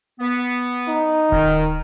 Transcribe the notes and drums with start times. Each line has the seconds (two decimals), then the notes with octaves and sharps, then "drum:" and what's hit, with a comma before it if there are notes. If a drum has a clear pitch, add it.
0.20 B3
0.88 D#4, drum: hi-hat
1.32 D#3, drum: kick D1